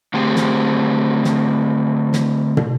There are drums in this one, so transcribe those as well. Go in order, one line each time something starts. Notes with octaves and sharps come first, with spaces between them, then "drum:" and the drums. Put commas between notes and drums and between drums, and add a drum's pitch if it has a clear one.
D3 A3 C4 G4 G#4 C5
drum: snare
drum: snare
drum: snare
drum: tom